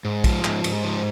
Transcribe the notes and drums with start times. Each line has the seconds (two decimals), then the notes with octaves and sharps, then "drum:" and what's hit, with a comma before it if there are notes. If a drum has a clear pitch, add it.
0.05 G#2
0.24 F3, drum: kick, cymbal
0.44 G#2, drum: clap
0.64 G#2, drum: cymbal
0.84 F3